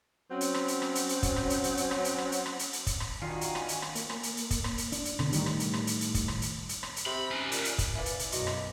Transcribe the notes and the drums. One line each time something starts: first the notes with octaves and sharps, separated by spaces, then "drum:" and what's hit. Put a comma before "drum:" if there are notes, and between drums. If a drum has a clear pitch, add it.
F#3 C4 C#4
drum: hi-hat
drum: rim click
drum: hi-hat
drum: rim click
drum: hi-hat
drum: hi-hat
drum: kick, hi-hat
drum: rim click
drum: hi-hat
drum: hi-hat
drum: hi-hat
drum: rim click
drum: hi-hat
drum: rim click
drum: hi-hat
drum: rim click
drum: hi-hat
drum: hi-hat
drum: kick, hi-hat
drum: rim click
D#3 D4 F4 F#4 F5 G#5
drum: hi-hat
drum: rim click
drum: hi-hat
drum: rim click
A#3, drum: hi-hat
drum: rim click
drum: hi-hat
drum: hi-hat
drum: kick, hi-hat
drum: rim click
drum: hi-hat
D4, drum: hi-hat
drum: hi-hat
B2 D3, drum: rim click
A2 D#3 G3, drum: hi-hat
drum: rim click
drum: hi-hat
drum: rim click
drum: hi-hat
drum: hi-hat
drum: kick, hi-hat
drum: rim click
drum: hi-hat
drum: hi-hat
drum: rim click
drum: hi-hat
C3 B5
C#4 D#4
A#2, drum: hi-hat
drum: hi-hat
drum: kick, hi-hat
E4 B4 D5 F5 G#5
drum: hi-hat
drum: hi-hat
B1 F#2 D#4 F#4, drum: hi-hat
drum: rim click